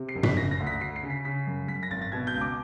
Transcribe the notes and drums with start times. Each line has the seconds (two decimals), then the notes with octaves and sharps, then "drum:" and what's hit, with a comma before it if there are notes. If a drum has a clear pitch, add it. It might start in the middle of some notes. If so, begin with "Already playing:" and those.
Already playing: C3
0.09 C7
0.15 F#1
0.23 B6, drum: tom
0.37 C#3 A#6
0.51 A#6
0.60 D2
0.67 B6
0.81 D2 C7
0.96 C7
1.03 C#3
1.10 B6
1.25 C#3 B6
1.47 F#2
1.68 F#2 B6
1.83 A#6
1.90 G#1 A6
2.01 A6
2.12 B2 G#6
2.27 G6
2.34 C#2
2.41 D6